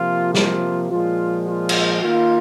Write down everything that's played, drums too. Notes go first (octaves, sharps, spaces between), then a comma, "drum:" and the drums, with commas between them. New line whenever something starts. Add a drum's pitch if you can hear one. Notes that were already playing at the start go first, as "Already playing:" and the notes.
Already playing: C3 F3 A#3 F4
F4, drum: snare
A#2 F3 G#3 F4
F4
drum: cymbal
D#3 A#3 F4